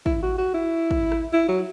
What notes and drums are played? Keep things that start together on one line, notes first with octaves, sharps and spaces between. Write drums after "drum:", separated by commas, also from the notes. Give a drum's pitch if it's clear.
E4, drum: kick
F#4
F#4
E4
drum: kick
drum: rim click
E4
F#3